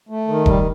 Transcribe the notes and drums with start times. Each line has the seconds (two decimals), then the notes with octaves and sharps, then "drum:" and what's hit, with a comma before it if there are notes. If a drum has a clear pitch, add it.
0.09 A3
0.28 D#3
0.46 G3, drum: kick E1